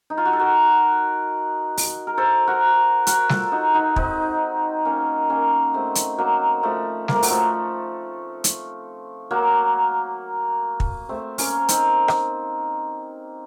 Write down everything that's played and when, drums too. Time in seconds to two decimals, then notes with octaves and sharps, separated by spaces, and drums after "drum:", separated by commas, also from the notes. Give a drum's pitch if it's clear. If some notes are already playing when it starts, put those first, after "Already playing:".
0.10 D#4
0.18 F4
0.25 F#4
0.33 A4
0.39 F#4 A#4
1.77 drum: open hi-hat
2.07 A#4
2.17 A4 C5
2.47 F#4 A#4
3.07 F#4 A#4, drum: hi-hat
3.29 F4 A4, drum: snare G3
3.52 D#4 F#4
3.74 D#4 F#4
3.96 C4 D#4, drum: kick
4.85 A#3 C#4
5.30 A#3 C#4
5.74 A3 C4
5.95 drum: hi-hat
6.18 F#3 A#3
6.63 F3 A3
7.08 A#3, drum: snare G3
7.15 A3
7.23 F#3, drum: open hi-hat
7.30 F3 A3
8.44 drum: hi-hat
9.31 F#3 A#3
10.80 drum: kick
11.09 A3 C4
11.38 A#3 C#4, drum: open hi-hat
11.69 C4 D#4, drum: hi-hat
12.08 drum: rim click